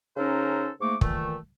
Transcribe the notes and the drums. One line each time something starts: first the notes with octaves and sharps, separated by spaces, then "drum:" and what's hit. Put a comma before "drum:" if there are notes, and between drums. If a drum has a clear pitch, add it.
C#3 C#4 D#4 A4 A#4 C5
G#2 A3 A#3 C#6 D6
A#2 D#3 E3 A3, drum: kick